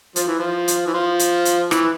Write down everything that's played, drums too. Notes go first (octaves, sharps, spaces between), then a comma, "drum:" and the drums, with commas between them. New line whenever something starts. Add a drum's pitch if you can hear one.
F3, drum: hi-hat
E3
F3
drum: hi-hat
E3
F3
drum: hi-hat
drum: hi-hat
E3, drum: rim click